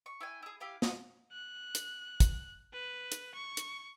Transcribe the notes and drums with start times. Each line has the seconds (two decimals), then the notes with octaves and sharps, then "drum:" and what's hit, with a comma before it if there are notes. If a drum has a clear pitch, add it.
0.06 C#6
0.21 E4 G5 G#5
0.42 E4 G#4
0.60 E4 G4 F5 G#5
0.82 D#5, drum: snare
1.32 F#6
1.75 drum: hi-hat
2.20 drum: kick, hi-hat
2.73 B4
3.12 drum: hi-hat
3.34 C#6
3.57 drum: hi-hat